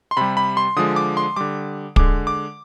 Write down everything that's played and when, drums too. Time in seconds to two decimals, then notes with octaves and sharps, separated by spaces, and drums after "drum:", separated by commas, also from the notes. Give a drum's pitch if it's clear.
0.11 C6
0.17 C3 G3 B5
0.37 B5
0.57 C6
0.76 D3 F3 G#3 D#6
0.96 D6
1.17 C6
1.36 D3 G3 D6
1.96 D3 G#3 D6, drum: kick
2.27 D6